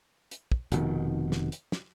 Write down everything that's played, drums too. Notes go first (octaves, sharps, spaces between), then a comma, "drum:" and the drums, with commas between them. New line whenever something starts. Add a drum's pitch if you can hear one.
drum: hi-hat
drum: kick
F1 B2 D#3, drum: hi-hat
drum: snare
drum: hi-hat
drum: snare